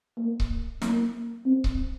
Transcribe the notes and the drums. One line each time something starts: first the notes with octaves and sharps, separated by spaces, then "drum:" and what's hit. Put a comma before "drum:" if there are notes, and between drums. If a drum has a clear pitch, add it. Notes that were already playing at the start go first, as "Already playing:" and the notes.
A#3
drum: kick C#1
A#3, drum: snare
C4
drum: kick C#1